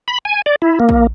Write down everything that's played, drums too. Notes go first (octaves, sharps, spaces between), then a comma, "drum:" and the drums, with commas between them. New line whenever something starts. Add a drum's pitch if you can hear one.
B5
G#5
D5
E4
A#3
drum: kick